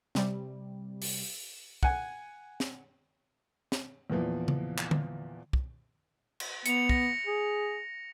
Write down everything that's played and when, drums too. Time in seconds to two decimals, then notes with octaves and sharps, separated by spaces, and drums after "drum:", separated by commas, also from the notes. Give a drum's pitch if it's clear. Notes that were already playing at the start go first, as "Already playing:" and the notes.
0.15 C3 G3, drum: snare
1.02 drum: open hi-hat
1.83 F#5 G#5, drum: kick
2.60 drum: snare
3.72 drum: snare
4.10 E2 A#2 E3 F3
4.48 drum: tom C#3
4.78 drum: clap
4.91 drum: tom D3
5.53 drum: kick
6.40 drum: cymbal
6.66 B3 C#7 F7, drum: hi-hat
6.89 A#6, drum: kick
7.27 G#4